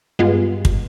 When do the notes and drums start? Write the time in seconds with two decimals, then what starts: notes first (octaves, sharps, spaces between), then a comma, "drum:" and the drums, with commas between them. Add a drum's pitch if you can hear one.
0.19 G2 G#3 B3 F4
0.65 drum: kick